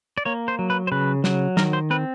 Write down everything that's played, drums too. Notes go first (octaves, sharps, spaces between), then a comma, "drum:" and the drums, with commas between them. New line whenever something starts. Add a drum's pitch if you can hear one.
D5
A#3 C#5
C5
F#3
B4
C5
C#3 B4
F#3, drum: snare
D#3 A#4, drum: snare
C5
C4 B4